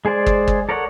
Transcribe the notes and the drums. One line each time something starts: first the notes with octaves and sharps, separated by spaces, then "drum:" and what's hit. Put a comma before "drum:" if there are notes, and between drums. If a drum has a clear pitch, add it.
G#3 G#4 C5 D5
drum: kick
drum: kick
A4 A#4 C#5 D5 F#5